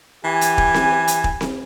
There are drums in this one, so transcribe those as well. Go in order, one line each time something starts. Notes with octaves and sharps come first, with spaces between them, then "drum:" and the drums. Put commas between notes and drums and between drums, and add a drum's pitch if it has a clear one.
E3 G4 G#5
drum: hi-hat
drum: kick
drum: snare C4
drum: hi-hat
drum: kick
drum: snare C4